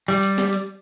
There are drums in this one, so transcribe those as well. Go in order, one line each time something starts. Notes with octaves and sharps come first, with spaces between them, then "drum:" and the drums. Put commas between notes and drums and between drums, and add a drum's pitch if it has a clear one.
G3, drum: open hi-hat
drum: hi-hat
drum: snare
drum: hi-hat